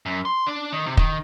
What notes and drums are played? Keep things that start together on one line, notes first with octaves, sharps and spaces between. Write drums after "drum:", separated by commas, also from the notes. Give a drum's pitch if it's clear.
F#2
C6
D4
D#3
C3
D#3, drum: kick